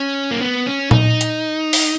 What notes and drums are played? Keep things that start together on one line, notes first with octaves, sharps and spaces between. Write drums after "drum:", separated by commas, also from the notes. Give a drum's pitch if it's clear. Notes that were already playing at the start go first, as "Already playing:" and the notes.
Already playing: C#4
A#3
B3
C#4
D#4, drum: tom A#2
drum: hi-hat
drum: open hi-hat